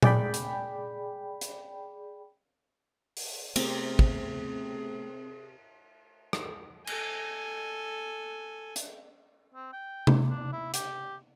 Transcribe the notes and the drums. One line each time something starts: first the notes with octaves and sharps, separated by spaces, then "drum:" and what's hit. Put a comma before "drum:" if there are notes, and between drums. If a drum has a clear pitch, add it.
G#4 D5 G5 B5, drum: tom A#2
drum: hi-hat
drum: hi-hat
drum: open hi-hat
C3 A3 B3 C4 G#4 A#4 D6, drum: cymbal
drum: kick
drum: rim click
A4 G#5, drum: cymbal
drum: hi-hat
C4
G5
drum: tom C3
D4
E4
G4, drum: hi-hat